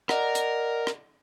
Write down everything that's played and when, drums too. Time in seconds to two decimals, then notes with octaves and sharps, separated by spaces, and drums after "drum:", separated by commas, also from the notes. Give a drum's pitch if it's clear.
0.09 A#4 D5 D#5 F#5, drum: rim click
0.35 drum: hi-hat
0.87 drum: rim click